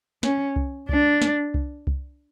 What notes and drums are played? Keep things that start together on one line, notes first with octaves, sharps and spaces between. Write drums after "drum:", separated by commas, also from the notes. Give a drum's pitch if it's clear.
C#4, drum: snare
drum: kick C2
D4, drum: kick C2
drum: snare
drum: kick C2
drum: kick C2